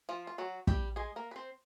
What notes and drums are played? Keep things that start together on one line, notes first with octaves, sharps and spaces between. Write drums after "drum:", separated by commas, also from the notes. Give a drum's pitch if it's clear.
F3 F4
F4
F#3 F#4
G3 G4, drum: kick
G#3 G#4
A#3 A#4
B4
C4 C5